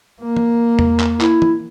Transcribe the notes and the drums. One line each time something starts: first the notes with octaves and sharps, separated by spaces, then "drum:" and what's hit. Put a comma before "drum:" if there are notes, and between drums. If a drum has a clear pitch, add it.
A#3
drum: tom
drum: tom E2
drum: clap
E4, drum: clap
drum: tom